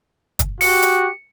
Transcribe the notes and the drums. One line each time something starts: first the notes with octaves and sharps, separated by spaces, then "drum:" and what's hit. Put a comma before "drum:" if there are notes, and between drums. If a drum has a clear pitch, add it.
drum: kick, hi-hat
F#4 G4 C#7, drum: open hi-hat
drum: hi-hat